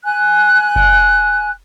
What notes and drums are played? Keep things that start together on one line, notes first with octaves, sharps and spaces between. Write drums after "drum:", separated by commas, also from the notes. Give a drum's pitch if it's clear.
G#5 F#6
drum: kick F#1